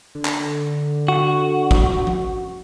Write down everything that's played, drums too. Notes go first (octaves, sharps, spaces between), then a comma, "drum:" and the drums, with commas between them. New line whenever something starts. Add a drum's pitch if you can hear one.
D3
drum: clap
F#4
drum: kick
drum: tom F3